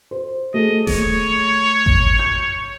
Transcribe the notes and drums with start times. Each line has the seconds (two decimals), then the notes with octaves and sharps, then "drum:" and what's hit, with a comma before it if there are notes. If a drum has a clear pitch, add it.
0.11 C5
0.54 A3 G#4 D#5
0.87 C#5, drum: snare D#1
1.86 drum: kick G#1
2.19 G6